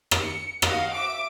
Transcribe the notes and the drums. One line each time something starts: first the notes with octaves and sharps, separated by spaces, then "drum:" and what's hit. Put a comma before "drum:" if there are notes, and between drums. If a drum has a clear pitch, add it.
drum: rim click
C#7
F#4 D#5 F5 F#5, drum: rim click
E5 D6 D7